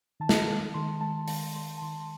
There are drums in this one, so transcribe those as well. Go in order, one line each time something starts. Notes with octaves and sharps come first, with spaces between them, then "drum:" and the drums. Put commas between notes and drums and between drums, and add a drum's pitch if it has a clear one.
D#3 A5
drum: snare
G#3
D#3 C6
G#3 A5
D#3 A5, drum: open hi-hat
G#3 C6
A5
D#3 C6
C6